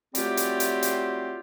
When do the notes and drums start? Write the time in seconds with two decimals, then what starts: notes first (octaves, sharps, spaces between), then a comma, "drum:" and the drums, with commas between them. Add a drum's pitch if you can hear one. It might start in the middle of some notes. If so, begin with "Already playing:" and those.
0.15 F#3 G3 A3 C4 F4 G4, drum: hi-hat
0.37 drum: hi-hat
0.60 drum: hi-hat
0.83 drum: hi-hat